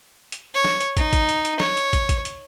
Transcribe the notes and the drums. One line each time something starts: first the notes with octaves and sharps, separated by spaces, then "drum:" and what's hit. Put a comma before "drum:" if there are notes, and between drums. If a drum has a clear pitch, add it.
drum: hi-hat
C#5
drum: snare
drum: hi-hat
D#4, drum: kick, hi-hat
drum: kick, hi-hat
drum: hi-hat
drum: hi-hat
C#5, drum: snare
drum: hi-hat
drum: kick, hi-hat
drum: kick, hi-hat
drum: hi-hat